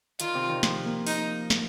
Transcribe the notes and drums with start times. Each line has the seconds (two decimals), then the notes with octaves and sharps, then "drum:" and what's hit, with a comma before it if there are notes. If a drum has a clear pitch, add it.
0.20 D#3 F4, drum: hi-hat
0.35 C3
0.49 D#3
0.63 F3, drum: snare
0.85 A#3
1.07 D#4, drum: open hi-hat
1.50 drum: snare